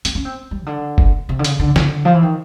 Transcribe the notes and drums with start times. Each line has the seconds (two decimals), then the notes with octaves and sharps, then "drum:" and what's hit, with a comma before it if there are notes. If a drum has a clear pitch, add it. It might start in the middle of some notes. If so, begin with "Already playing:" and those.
0.05 C4, drum: hi-hat
0.15 C#4
0.25 C4
0.51 G3
0.62 C#3
0.66 D3
0.98 drum: kick F#1
1.29 C3
1.39 D3
1.44 C#3, drum: hi-hat
1.60 D3
1.76 D3, drum: snare
2.05 F3
2.14 E3
2.22 D#3